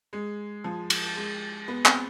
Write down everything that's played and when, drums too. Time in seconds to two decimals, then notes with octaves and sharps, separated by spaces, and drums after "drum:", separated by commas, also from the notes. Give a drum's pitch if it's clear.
0.13 G#3
0.64 F3
0.90 drum: cymbal
1.16 G#3
1.68 B3
1.86 C4, drum: clap